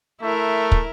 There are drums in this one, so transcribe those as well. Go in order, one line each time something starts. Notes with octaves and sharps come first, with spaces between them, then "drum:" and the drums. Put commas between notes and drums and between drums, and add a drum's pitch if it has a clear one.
A3 E4 A#4
drum: kick